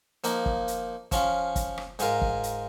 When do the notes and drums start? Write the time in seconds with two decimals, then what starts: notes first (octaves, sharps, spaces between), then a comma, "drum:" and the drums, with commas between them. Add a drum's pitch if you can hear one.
0.24 F3 A#3 D#4, drum: hi-hat
0.46 drum: kick
0.68 drum: hi-hat
1.12 F3 C#4 F4, drum: kick, hi-hat
1.56 drum: kick, hi-hat
1.78 drum: rim click
1.99 G#2 G#3 F4 A#4, drum: hi-hat
2.21 drum: kick
2.43 drum: hi-hat